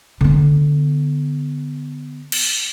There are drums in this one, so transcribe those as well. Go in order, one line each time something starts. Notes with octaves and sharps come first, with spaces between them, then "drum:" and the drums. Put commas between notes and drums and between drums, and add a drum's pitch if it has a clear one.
D3 B3
drum: cymbal